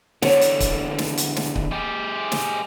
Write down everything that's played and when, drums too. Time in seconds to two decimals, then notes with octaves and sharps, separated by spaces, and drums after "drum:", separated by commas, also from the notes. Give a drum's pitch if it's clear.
0.22 E2 D3 C#5 F#5, drum: snare
0.41 drum: hi-hat
0.60 drum: kick C#1, hi-hat
0.98 drum: snare
1.17 drum: hi-hat
1.36 drum: snare
1.56 drum: kick C#1
1.71 G#3 G4
2.32 drum: snare